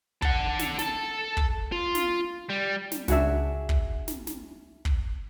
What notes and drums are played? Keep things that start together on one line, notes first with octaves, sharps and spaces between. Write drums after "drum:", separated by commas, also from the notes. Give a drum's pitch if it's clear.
A4 F#5, drum: kick
drum: snare
A4 A5, drum: snare
drum: kick
F4
drum: snare
G3
drum: snare
C#2 D4 F#4 G#4 E5, drum: snare
drum: kick
drum: snare
drum: snare
drum: kick